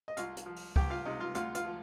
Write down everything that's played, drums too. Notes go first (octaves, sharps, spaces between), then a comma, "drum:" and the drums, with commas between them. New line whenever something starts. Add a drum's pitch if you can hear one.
D#5
C2 F4 F5, drum: hi-hat
drum: hi-hat
F3
drum: open hi-hat
C2 G4 G5, drum: kick
F4 F5
C3 D#4 D#5
F4 F5
D2 F4 F5, drum: hi-hat
F4 F5, drum: hi-hat
F3